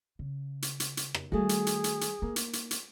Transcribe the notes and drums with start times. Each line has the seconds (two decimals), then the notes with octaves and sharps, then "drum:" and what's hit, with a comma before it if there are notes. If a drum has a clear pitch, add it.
0.19 C#3
0.62 drum: hi-hat
0.80 drum: hi-hat
0.97 drum: hi-hat
1.14 drum: rim click
1.32 D#3 G3 A3 F#4 G#4
1.49 drum: hi-hat
1.67 drum: hi-hat
1.84 drum: hi-hat
2.01 drum: hi-hat
2.22 A#3 D#4
2.36 drum: hi-hat
2.53 drum: hi-hat
2.71 drum: hi-hat